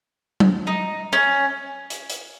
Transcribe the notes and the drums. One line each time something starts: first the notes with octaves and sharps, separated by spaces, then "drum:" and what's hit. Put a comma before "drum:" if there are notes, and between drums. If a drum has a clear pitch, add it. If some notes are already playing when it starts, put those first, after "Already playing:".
drum: tom F#3
D#4
C#4
drum: hi-hat
drum: hi-hat